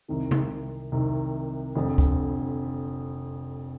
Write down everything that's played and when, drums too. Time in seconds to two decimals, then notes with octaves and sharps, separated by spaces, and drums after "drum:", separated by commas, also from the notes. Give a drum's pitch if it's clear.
0.08 C2 C3 D#3
0.31 drum: tom C3
0.92 C2 C3 D#3
1.75 F1 F2 D3
1.98 drum: kick